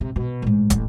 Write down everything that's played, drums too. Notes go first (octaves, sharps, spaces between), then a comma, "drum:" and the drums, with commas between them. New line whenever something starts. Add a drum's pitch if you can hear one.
C3
B2
A1 G#2
A1, drum: kick, hi-hat